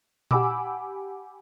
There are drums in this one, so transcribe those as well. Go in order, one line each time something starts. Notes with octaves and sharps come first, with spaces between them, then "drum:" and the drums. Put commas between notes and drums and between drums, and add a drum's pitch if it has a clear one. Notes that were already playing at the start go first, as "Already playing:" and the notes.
G4 F#5 G#5 B5 D6 E6, drum: tom A#2